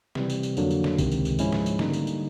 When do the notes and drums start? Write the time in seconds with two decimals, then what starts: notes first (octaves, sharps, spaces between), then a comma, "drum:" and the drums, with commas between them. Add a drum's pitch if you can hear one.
0.15 C3 E3 G3, drum: snare
0.30 drum: tambourine
0.43 drum: tambourine
0.57 F2 D3 F#3 A#3 D4, drum: tambourine
0.71 drum: tambourine
0.84 drum: snare
0.98 C#2 C3 D#3 G#3, drum: kick A#1, tambourine
1.12 drum: tambourine
1.25 drum: tambourine
1.39 G#2 F3 G#3 C#4 E4, drum: tambourine
1.52 drum: snare
1.66 drum: tambourine
1.79 D3 G3 A#3 D#4, drum: snare
1.93 drum: tambourine
2.07 drum: tambourine